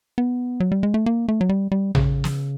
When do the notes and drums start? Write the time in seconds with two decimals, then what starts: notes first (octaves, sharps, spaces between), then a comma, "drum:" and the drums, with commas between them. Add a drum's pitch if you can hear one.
0.18 B3
0.60 F#3
0.72 G3
0.83 G#3
0.94 A3
1.06 A#3
1.28 A3
1.41 F#3
1.49 G3
1.72 G3
1.95 C#3, drum: tom
2.24 drum: snare